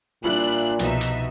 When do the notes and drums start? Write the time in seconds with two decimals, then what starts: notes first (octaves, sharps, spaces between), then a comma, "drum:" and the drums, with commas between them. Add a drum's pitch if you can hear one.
0.24 A#2 G3 D4 E4 F4 F#6
0.79 C2 B2 F3 B3 D#4 F#4 E5, drum: hi-hat
1.01 drum: hi-hat